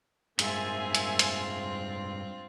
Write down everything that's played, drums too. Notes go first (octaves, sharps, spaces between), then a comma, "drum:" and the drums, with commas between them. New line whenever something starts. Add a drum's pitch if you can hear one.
G2 G#3 A#3 C4 F4 E5 G#5, drum: hi-hat
drum: hi-hat
drum: hi-hat